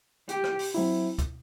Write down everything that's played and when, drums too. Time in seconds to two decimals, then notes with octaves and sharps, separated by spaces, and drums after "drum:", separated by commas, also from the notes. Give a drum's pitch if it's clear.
0.29 G4, drum: hi-hat
0.44 drum: rim click
0.59 drum: open hi-hat
0.74 F#3 C4 E4
1.18 drum: kick, hi-hat